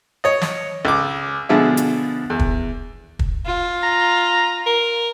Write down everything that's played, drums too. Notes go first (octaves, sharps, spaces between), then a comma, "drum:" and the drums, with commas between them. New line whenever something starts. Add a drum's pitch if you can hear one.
C#5 D#5
drum: snare
C#2 D6
B2 D3 F3 G#3 E5
drum: hi-hat
E2
drum: kick
drum: kick
F4
A#5
A#4